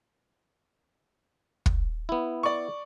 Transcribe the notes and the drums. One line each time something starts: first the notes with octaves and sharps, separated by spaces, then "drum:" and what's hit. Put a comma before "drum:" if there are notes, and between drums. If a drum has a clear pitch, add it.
drum: kick
B3 E4
D5 C#6